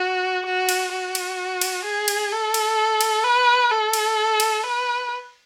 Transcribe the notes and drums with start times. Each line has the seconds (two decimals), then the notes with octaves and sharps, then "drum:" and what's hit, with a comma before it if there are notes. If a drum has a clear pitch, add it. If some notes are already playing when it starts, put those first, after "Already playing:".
Already playing: F#4
0.45 F#4
0.69 drum: cymbal
0.92 F#4
1.15 drum: cymbal
1.61 drum: cymbal
1.84 G#4
2.08 drum: cymbal
2.31 A4
2.54 drum: cymbal
3.01 drum: cymbal
3.24 B4
3.71 A4
3.93 drum: cymbal
4.40 drum: cymbal
4.63 B4